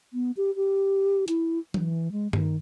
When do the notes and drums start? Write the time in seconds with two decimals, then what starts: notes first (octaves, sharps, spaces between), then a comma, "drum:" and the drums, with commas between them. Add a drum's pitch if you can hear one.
0.13 B3
0.37 G4
0.56 G4
1.28 E4, drum: hi-hat
1.74 E3, drum: tom F#3
2.12 G#3
2.33 D#3, drum: tom G2